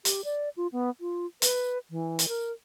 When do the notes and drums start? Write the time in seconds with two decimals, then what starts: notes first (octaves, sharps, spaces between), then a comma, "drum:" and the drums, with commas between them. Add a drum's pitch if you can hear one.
0.05 G4, drum: hi-hat
0.25 D5
0.57 F4
0.72 B3
1.01 F4
1.42 B4, drum: hi-hat
1.91 E3
2.19 drum: hi-hat
2.28 A#4